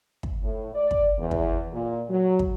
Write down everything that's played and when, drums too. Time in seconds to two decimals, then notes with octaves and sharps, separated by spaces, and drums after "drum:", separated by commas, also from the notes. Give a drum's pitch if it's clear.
0.23 drum: kick
0.43 A2
0.73 D5
0.91 drum: kick
1.18 E2
1.31 drum: kick
1.72 A#2
2.09 F#3
2.39 drum: kick